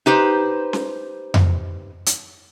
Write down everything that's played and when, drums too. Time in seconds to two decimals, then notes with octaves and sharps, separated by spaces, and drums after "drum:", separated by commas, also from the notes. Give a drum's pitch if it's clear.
0.06 D#4 G4 B4 C5
0.73 drum: snare C#4
1.34 drum: tom F2
2.06 drum: hi-hat